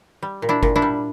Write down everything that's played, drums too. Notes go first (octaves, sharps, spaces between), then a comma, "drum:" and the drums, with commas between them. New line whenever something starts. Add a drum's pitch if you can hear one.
G3
A#2
D4 E4
A#2, drum: kick G1
D4 E4
G3